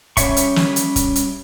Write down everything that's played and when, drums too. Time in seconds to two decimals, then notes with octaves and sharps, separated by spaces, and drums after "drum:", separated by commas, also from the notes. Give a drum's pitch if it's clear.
0.17 G3 C#4 C#5 E5 C#6, drum: kick, hi-hat
0.36 drum: hi-hat
0.56 drum: snare
0.76 drum: hi-hat
0.96 drum: kick, hi-hat
1.15 drum: hi-hat